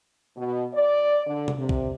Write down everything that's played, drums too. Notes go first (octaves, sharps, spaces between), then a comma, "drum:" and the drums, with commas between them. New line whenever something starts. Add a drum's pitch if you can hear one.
B2
D5
D3
drum: tom C3
C3
drum: kick B1